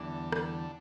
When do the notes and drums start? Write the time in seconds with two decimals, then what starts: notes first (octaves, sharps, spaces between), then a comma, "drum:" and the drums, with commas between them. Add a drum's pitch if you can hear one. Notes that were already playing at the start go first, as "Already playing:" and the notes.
Already playing: E2 D3 E3 G3 D4 A4
0.32 drum: rim click